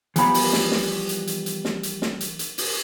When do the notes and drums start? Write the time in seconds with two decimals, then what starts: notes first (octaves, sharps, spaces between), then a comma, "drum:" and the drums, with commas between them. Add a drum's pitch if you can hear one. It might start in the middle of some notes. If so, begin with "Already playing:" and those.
0.16 E3 F3 G3 B3 B5, drum: hi-hat
0.34 drum: open hi-hat
0.53 drum: snare
0.72 drum: snare
1.09 drum: hi-hat
1.27 drum: hi-hat
1.46 drum: hi-hat
1.65 drum: snare
1.83 drum: hi-hat
2.02 drum: snare
2.20 drum: hi-hat
2.39 drum: hi-hat
2.58 drum: open hi-hat